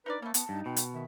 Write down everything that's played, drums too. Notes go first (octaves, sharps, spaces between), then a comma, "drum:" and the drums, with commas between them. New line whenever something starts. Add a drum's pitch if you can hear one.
D4 D#4 A#4 B4 D5
A3 A#3 C#4 B5
B3 F#4 A5, drum: hi-hat
G2 D#4
B2 G5
drum: hi-hat
D#3 E5